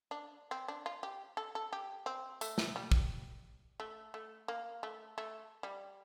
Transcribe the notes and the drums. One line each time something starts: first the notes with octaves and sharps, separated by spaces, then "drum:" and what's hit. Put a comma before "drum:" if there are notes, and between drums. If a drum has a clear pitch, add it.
D4
C4
D4
F4
G4
A4
A4
G4
C4
A3, drum: tambourine
drum: snare
G3
drum: kick
A3
A3
A#3
A3
A3
G3